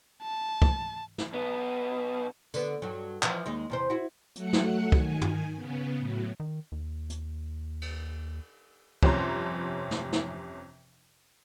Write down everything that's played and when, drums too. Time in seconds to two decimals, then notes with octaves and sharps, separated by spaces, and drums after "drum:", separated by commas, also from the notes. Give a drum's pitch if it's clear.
0.22 A5
0.62 drum: kick
1.18 drum: snare
1.33 B1 B3
2.54 D3 B3, drum: tambourine
2.82 G2 F#3
3.23 E3 F3, drum: clap
3.46 D#2 G#3 D#4
3.70 E2 C3 C5
3.90 E4 F#4
4.36 F#3 A3 F#5 C#7, drum: hi-hat
4.53 drum: snare
4.92 D#3 G#5, drum: kick
5.21 drum: tom
5.56 C#3 B3
5.98 A2 F#3
6.40 D#3
6.72 D#2
7.10 drum: hi-hat
7.82 drum: cymbal
9.03 G1 F2 C3 C#4 A#5 C6, drum: kick
9.91 drum: snare
10.12 drum: snare